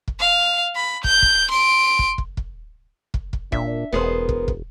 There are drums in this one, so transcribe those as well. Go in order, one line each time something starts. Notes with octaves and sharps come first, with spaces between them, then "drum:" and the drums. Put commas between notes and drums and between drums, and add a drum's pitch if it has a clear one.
drum: kick
F5
B5
G6, drum: kick
drum: kick
C6 D7
drum: kick
drum: kick
drum: kick
drum: kick
drum: kick
A#2 D4 E5, drum: kick
E1 B3 G#4 A#4 C5
drum: kick
drum: kick